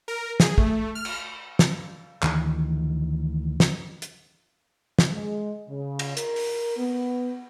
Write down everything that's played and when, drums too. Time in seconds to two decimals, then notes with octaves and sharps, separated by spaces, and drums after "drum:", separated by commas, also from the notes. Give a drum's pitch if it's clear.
0.08 A#4
0.40 G#4, drum: snare
0.58 A3, drum: kick
0.95 F6
1.05 drum: cymbal
1.59 drum: snare
2.23 D2 D#3 E3, drum: clap
3.60 drum: snare
4.02 drum: hi-hat
4.99 drum: snare
5.12 G#3
5.69 C#3
5.99 drum: cymbal
6.17 A#4, drum: hi-hat
6.36 drum: open hi-hat
6.77 B3